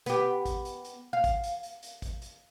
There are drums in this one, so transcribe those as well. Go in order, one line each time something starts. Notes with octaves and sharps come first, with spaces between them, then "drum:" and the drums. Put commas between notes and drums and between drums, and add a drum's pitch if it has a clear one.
B3 G4, drum: hi-hat
drum: kick, hi-hat
drum: hi-hat
drum: hi-hat
F5
drum: kick, hi-hat
drum: hi-hat
drum: hi-hat
drum: hi-hat
drum: kick, hi-hat
drum: hi-hat